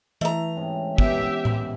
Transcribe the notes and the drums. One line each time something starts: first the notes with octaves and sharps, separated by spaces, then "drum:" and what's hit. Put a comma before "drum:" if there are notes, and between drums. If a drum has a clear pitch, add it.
E3 A3 A#5
G#2 C3 C#4
B3 G4 E5, drum: kick
drum: tom A2